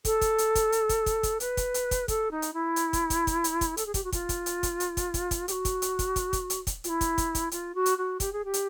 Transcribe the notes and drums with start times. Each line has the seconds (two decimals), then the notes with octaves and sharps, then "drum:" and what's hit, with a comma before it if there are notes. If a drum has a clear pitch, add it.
0.05 A4, drum: kick, hi-hat
0.21 drum: kick, hi-hat
0.38 drum: hi-hat
0.55 drum: kick, hi-hat
0.72 drum: hi-hat
0.89 drum: kick, hi-hat
1.06 drum: kick, hi-hat
1.23 drum: kick, hi-hat
1.40 B4, drum: hi-hat
1.57 drum: kick, hi-hat
1.74 drum: hi-hat
1.91 drum: kick, hi-hat
2.08 A4, drum: kick, hi-hat
2.31 D#4
2.42 drum: hi-hat
2.53 E4
2.76 drum: hi-hat
2.93 drum: kick, hi-hat
3.10 drum: kick, hi-hat
3.27 drum: kick, hi-hat
3.44 drum: hi-hat
3.61 drum: kick, hi-hat
3.77 A4, drum: hi-hat
3.86 G#4
3.94 G4, drum: kick, hi-hat
4.04 F#4
4.12 F4, drum: kick, hi-hat
4.29 drum: kick, hi-hat
4.46 drum: hi-hat
4.63 drum: kick, hi-hat
4.80 drum: hi-hat
4.97 drum: kick, hi-hat
5.14 drum: kick, hi-hat
5.31 drum: kick, hi-hat
5.48 G4, drum: hi-hat
5.51 F#4
5.65 drum: kick, hi-hat
5.82 drum: hi-hat
5.99 drum: kick, hi-hat
6.16 drum: kick, hi-hat
6.33 drum: kick, hi-hat
6.50 drum: hi-hat
6.67 drum: kick, hi-hat
6.84 F4, drum: hi-hat
6.89 E4
7.01 drum: kick, hi-hat
7.18 drum: kick, hi-hat
7.35 drum: kick, hi-hat
7.51 F4, drum: hi-hat
7.75 F#4
7.86 drum: hi-hat
7.98 F#4
8.20 G4, drum: kick, hi-hat
8.32 G#4
8.44 G4
8.54 drum: hi-hat